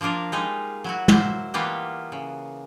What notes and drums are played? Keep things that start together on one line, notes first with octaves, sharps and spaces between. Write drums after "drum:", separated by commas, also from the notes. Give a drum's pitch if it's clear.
F3 A#3 D4 F4 A#4
G3 G#3 D#4
F#3 E4 F#4
F#3 A#3 C5 E5, drum: tom
E3 G3 A#3 B3 F4
C#3